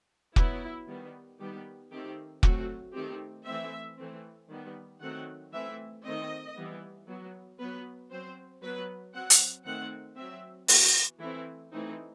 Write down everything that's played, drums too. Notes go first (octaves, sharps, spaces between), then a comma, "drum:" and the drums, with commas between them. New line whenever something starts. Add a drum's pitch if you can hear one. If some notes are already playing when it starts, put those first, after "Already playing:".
F#3 B3 E4, drum: kick
D#3 G3 B3
D#3 G3 B3 G4
D#3 A3 C4 G4
F#3 A3 C4 F#4, drum: kick
D#3 A3 C4 G4
E3 A3 C4 E5
E3 A3 C4
D#3 G3 B3
D#3 F#3 A3 C4 F#5
E3 A3 C4 E5
D#3 A3 C4 D#5
E3 G3 B3
F#3 B3
F#3 B3 B4
F#3 C4 C5
F#3 B3 B4
F#3 C4 F#5
drum: hi-hat
D#3 A3 C4 F#5
F#3 C4 E5
E3 B3 F#4, drum: open hi-hat
E3 A3 C4 E4
E3 A3 C4 D#4